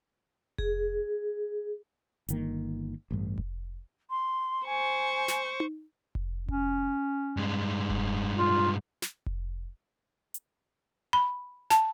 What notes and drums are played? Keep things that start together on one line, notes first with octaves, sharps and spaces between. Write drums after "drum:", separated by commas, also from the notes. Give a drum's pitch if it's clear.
G#4, drum: kick F1
G1 D#3 A#3, drum: hi-hat
A1 G2
drum: kick F1
C6
C5 G#5 C#6
drum: snare
drum: tom D#4
drum: kick F1
C#4, drum: kick F1
G2 G#3
drum: kick F1
F4
drum: snare
drum: kick F1
drum: hi-hat
B5
A5, drum: snare